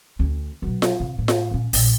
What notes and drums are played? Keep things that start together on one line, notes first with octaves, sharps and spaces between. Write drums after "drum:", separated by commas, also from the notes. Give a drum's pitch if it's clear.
D2 C#4
B2 F#3
drum: snare F4
C3
A2
drum: snare F4
A#1 C#4
A#1 A#2, drum: open hi-hat